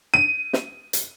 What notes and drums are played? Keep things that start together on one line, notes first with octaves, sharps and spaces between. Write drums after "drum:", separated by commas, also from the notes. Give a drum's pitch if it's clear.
D#7
drum: snare
drum: hi-hat